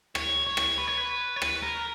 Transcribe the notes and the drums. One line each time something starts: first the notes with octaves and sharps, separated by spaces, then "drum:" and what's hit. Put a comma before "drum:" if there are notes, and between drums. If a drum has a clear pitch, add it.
C#5, drum: rim click
C#5
drum: rim click
B4
C#5
B4
C#5
B4, drum: rim click
A#4